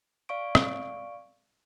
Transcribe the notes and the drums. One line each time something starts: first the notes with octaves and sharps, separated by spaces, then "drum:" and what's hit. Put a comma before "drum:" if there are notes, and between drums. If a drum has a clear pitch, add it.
D5 F5 C#6 D7
drum: rim click